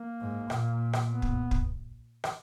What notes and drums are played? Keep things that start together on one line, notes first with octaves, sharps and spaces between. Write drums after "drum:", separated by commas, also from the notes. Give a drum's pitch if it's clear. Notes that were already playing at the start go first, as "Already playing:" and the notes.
Already playing: A#3
G#2
A#2, drum: rim click
drum: rim click
B3
drum: kick
drum: kick
drum: rim click